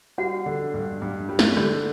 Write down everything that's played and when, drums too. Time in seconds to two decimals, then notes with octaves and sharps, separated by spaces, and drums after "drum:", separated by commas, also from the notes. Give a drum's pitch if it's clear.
0.18 G3 F#4 F#5
0.46 D3
0.74 G2
1.02 G2
1.29 G3
1.39 drum: snare
1.57 D3, drum: rim click